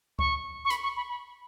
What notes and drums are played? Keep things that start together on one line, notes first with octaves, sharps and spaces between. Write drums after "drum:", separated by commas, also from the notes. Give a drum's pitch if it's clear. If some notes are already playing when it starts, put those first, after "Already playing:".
C#6, drum: kick C#2
C#6
B5, drum: hi-hat
C#6
B5
B5